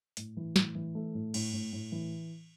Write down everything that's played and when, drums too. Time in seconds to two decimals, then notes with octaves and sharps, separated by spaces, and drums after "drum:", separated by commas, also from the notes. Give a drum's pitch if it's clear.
0.17 A2, drum: hi-hat
0.37 E3
0.56 A2, drum: snare
0.75 E3
0.95 A3
1.14 A2
1.34 A2, drum: cymbal
1.53 A2
1.73 A2
1.92 E3